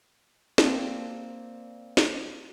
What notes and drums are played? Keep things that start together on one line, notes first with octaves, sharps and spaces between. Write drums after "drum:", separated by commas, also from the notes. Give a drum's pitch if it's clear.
A#3 C4 D5 A5, drum: snare
drum: snare